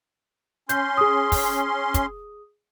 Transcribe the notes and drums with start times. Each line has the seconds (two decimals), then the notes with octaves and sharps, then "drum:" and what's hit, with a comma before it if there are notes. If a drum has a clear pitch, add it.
0.69 C#4 C6 G6, drum: hi-hat
0.97 G#4 D#6
1.32 drum: kick, open hi-hat
1.94 drum: kick, hi-hat